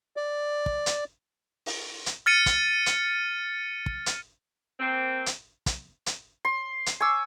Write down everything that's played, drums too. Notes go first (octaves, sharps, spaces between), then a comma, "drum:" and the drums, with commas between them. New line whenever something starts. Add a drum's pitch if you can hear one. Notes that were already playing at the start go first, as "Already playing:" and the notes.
D5
drum: kick
drum: hi-hat
drum: open hi-hat
drum: hi-hat
F6 A6 C#7 D#7
drum: kick, hi-hat
drum: hi-hat
drum: kick
drum: hi-hat
A#3 C4
drum: hi-hat
drum: kick, hi-hat
drum: hi-hat
C6
drum: hi-hat
G#5 C#6 D6 E6